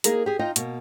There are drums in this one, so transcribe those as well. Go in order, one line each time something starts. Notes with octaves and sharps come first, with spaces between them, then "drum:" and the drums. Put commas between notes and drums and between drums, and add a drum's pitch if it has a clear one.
A#3 D#4 G#4 A#4, drum: hi-hat
G4 G#4
D#4 F4 D#5 G5
B2 A#3, drum: hi-hat